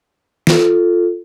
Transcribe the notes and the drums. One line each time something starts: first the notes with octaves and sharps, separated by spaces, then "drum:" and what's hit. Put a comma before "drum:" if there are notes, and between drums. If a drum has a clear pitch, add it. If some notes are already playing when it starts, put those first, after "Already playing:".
F4 A4, drum: snare